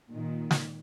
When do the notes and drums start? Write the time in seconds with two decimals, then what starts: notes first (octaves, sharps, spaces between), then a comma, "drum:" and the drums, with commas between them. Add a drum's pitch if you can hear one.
0.12 A#2 D#3
0.51 drum: snare